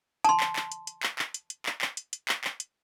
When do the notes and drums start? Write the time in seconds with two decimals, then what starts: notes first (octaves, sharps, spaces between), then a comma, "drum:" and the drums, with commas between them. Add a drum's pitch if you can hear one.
0.24 A5 C6, drum: hi-hat
0.40 drum: clap
0.56 drum: clap
0.72 drum: hi-hat
0.87 drum: hi-hat
1.03 drum: clap
1.19 drum: clap
1.34 drum: hi-hat
1.50 drum: hi-hat
1.66 drum: clap
1.81 drum: clap
1.97 drum: hi-hat
2.13 drum: hi-hat
2.29 drum: clap
2.44 drum: clap
2.60 drum: hi-hat